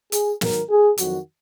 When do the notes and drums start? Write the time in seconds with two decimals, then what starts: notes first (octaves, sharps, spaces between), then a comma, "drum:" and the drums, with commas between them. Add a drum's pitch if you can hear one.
0.12 G#4, drum: hi-hat
0.41 G#2 D#3 F#3 A#4, drum: snare
0.69 G#4
0.98 F2 D#3 F#3 F#4, drum: hi-hat